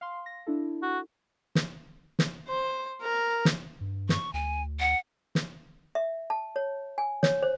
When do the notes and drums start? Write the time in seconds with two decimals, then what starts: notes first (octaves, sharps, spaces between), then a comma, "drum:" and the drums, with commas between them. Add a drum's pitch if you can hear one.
0.01 F5 C6
0.26 A#6
0.47 D4 E4 A4
0.83 F#4
1.55 drum: snare
2.19 drum: snare
2.49 C5
3.02 A#4
3.45 drum: snare
3.81 G2
4.09 C#6, drum: snare
4.34 D2 G#5
4.79 F#5
5.35 drum: snare
5.95 E5
6.30 A5
6.56 C#5
6.98 G#5
7.23 C#5, drum: snare
7.42 C5